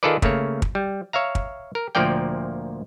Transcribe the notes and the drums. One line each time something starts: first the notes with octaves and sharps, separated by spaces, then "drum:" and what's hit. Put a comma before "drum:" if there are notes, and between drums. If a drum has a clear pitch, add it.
D#3 F4 G#4 A4 B4 D5
C#3 A3 A#3 C#5, drum: kick
drum: kick
G3
C#5 E5 F5 A#5
drum: kick
A#4
D2 A#2 F3 A#3 D5 G5